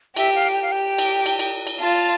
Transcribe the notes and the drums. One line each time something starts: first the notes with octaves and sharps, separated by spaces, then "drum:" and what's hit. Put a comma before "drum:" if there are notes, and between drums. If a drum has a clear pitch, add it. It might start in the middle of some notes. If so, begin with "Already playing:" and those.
G4 E5, drum: cymbal
F5
G5
F5
G4 G5
drum: cymbal
drum: cymbal
drum: cymbal
drum: cymbal
F4 A5